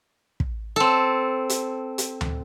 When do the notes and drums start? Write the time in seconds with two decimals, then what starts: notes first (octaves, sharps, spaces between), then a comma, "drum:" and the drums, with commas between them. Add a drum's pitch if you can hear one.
0.40 drum: kick
0.76 C4 A4
1.49 drum: hi-hat
1.98 drum: hi-hat
2.21 drum: tom D2